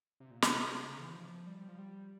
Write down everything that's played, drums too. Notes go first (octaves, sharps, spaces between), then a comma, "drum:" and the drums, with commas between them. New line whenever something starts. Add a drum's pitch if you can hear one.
C3
A#2
C3, drum: snare
C#3
E3
F3
G3
G3
F3
G3